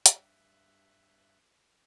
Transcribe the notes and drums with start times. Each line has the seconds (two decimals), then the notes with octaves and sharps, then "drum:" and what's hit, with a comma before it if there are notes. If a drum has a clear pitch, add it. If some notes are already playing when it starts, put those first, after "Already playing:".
0.06 G2 E5 F#6, drum: hi-hat